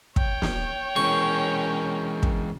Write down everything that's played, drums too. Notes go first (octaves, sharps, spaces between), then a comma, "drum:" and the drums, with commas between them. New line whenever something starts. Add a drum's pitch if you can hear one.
C#5 G5, drum: kick
drum: snare
E3 G#3 C#4 A#4 C#6
drum: kick